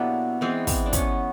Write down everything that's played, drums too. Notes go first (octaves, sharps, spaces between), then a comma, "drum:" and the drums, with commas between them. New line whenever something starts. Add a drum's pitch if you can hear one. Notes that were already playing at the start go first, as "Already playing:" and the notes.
Already playing: B2 F#3 A#3 B3 D4 E4 G4 A4
E3 G#3 B3 C4
C4, drum: kick, open hi-hat
D4
B3 C#4, drum: kick, hi-hat